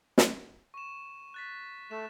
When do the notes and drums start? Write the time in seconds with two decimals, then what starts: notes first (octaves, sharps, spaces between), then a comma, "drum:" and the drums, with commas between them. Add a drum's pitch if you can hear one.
0.18 drum: snare
0.74 C#6 E7
1.34 F#6 A6 B6
1.91 A3 E7